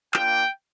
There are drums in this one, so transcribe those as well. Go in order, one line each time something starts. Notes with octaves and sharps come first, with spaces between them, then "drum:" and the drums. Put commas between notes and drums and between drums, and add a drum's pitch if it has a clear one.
A#3 D4 F4 G5, drum: clap